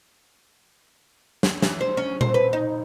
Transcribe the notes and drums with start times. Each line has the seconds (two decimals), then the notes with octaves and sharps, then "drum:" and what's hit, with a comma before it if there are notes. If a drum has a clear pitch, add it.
1.43 drum: snare
1.62 E3, drum: snare
1.81 C5
1.97 C#4
2.21 C5, drum: tom A#2
2.34 B4
2.53 D#4